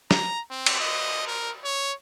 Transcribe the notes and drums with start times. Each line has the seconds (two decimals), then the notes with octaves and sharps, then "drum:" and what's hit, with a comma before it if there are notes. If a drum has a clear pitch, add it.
0.11 A#5, drum: snare
0.50 C4
0.66 drum: cymbal
0.80 D#5
1.27 A#4
1.64 C#5